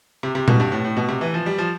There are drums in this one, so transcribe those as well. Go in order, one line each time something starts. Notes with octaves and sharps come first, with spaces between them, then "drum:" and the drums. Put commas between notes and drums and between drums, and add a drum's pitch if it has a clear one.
C3
C3
B2, drum: tom A#2
G2
A2
A2
B2
C3
E3
F3
G3
F3